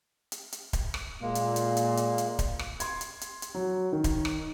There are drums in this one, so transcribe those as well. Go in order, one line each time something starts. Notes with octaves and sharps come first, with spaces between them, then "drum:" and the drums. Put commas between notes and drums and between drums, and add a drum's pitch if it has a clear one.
drum: hi-hat
drum: hi-hat
drum: kick D1, hi-hat
drum: rim click
A#2 G#3 A#3
drum: hi-hat
drum: hi-hat
drum: hi-hat
drum: hi-hat
drum: hi-hat
drum: kick D1, hi-hat
drum: rim click
C6 G#6, drum: hi-hat
drum: hi-hat
drum: hi-hat
drum: hi-hat
F#3
D#3
drum: kick D1, hi-hat
drum: rim click